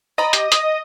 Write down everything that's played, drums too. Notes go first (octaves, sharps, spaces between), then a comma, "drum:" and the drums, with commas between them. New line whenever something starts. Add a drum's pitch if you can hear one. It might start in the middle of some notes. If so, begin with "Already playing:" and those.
D5 D#5 A#5 B5
G4, drum: hi-hat
D#6, drum: hi-hat